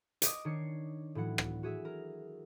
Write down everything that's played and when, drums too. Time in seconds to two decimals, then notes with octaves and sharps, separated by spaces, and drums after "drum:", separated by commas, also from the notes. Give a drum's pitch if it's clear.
0.22 D#5 D6 D#6, drum: hi-hat
0.45 D#3 D4 C#5 C7 C#7
1.15 A2 E3 F#3 F#5
1.38 drum: rim click
1.63 F#4 G#4 E5
1.85 A#4